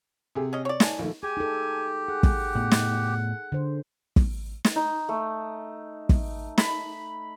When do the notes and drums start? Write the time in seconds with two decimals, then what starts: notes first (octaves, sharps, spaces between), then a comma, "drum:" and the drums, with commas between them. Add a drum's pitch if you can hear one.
0.35 C3 G4 G#4
0.53 C#4 D#5
0.65 C#5 D5
0.80 G#5 A5, drum: snare
0.99 A#1 D#3 A3
1.23 G4 G#4 G#5
1.37 D#4 A4
2.08 G#4 F#5
2.23 drum: kick
2.55 A2 B3
2.71 drum: snare
3.52 D3 C5
4.16 drum: kick
4.65 drum: snare
4.76 D#4
5.09 A3
6.09 drum: kick
6.58 B5, drum: snare